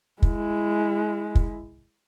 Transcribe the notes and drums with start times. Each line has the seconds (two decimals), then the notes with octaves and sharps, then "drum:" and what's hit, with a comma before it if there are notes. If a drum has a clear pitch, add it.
0.22 G#3 E4, drum: kick
1.35 drum: kick